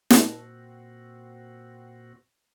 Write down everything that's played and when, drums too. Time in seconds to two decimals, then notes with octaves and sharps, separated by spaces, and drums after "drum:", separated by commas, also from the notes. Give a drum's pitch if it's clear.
0.10 A#2 C4 F#4, drum: snare